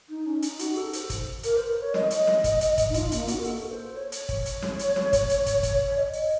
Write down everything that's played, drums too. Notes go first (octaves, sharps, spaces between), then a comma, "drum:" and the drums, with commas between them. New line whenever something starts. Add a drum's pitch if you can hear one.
D#4
C#4
D#4, drum: hi-hat
F#4, drum: hi-hat
A4, drum: open hi-hat
C5, drum: hi-hat
drum: kick, hi-hat
A#4, drum: hi-hat
C5
A#4
C#5
D#5, drum: snare
drum: hi-hat
drum: snare
drum: kick, hi-hat
drum: hi-hat
drum: kick, hi-hat
D#4
F4, drum: kick, hi-hat
A#3, drum: hi-hat
F#4, drum: hi-hat
A#4
A4, drum: open hi-hat
C5
C#5
drum: hi-hat
drum: kick, open hi-hat
drum: hi-hat
drum: snare
drum: hi-hat
drum: snare
drum: kick, hi-hat
drum: hi-hat
drum: kick, hi-hat
drum: kick, hi-hat
C#5
D#5
drum: open hi-hat